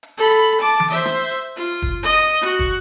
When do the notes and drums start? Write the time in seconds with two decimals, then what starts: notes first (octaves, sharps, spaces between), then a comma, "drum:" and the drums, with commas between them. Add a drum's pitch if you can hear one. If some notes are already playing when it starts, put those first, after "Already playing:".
0.03 drum: hi-hat
0.18 A4 B5
0.60 A5 D6
0.80 drum: tom E3
0.91 C5 E5
1.05 drum: rim click
1.57 F4, drum: hi-hat
1.82 drum: kick
2.03 D#5
2.41 F#4
2.59 drum: kick